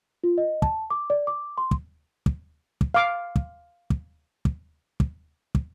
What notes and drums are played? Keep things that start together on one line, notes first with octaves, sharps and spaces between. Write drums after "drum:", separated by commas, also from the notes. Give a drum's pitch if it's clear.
F4
D#5
A5, drum: kick
D6
D5
D6
C6
drum: kick
drum: kick
drum: kick
F5 D6
drum: kick
drum: kick
drum: kick
drum: kick
drum: kick